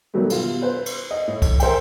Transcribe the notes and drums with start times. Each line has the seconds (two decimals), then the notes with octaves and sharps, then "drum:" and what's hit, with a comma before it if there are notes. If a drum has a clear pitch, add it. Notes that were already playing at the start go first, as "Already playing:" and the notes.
0.14 B2 D#3 F#3 G3 A3 B3
0.30 B2 F4, drum: cymbal
0.62 B4 C5
0.86 drum: cymbal
1.11 D#5
1.27 A2
1.42 drum: kick C2, cymbal
1.60 A#4 C5 E5 G5, drum: cymbal